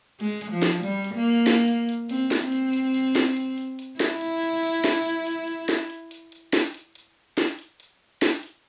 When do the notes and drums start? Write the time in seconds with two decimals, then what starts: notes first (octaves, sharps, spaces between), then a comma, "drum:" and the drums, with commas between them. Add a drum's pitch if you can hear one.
0.20 G#3, drum: hi-hat
0.41 drum: hi-hat
0.52 F3
0.62 drum: snare
0.83 G3, drum: hi-hat
1.04 drum: hi-hat
1.15 A#3
1.47 drum: snare
1.68 drum: hi-hat
1.89 drum: hi-hat
2.09 C4, drum: hi-hat
2.31 drum: snare
2.41 C4
2.52 drum: hi-hat
2.73 drum: hi-hat
2.94 drum: hi-hat
3.15 drum: snare
3.37 drum: hi-hat
3.58 drum: hi-hat
3.79 drum: hi-hat
4.00 E4, drum: snare
4.21 drum: hi-hat
4.42 drum: hi-hat
4.63 drum: hi-hat
4.84 drum: snare
5.05 drum: hi-hat
5.27 drum: hi-hat
5.48 drum: hi-hat
5.69 drum: snare
5.90 drum: hi-hat
6.11 drum: hi-hat
6.32 drum: hi-hat
6.53 drum: snare
6.74 drum: hi-hat
6.95 drum: hi-hat
7.38 drum: snare
7.59 drum: hi-hat
7.80 drum: hi-hat
8.22 drum: snare
8.43 drum: hi-hat